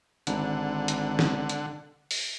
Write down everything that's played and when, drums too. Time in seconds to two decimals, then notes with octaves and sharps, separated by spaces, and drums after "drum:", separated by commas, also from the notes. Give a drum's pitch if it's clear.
0.27 G#1 D3 F#5, drum: hi-hat
0.88 drum: hi-hat
1.19 drum: snare
1.49 drum: hi-hat
2.11 drum: open hi-hat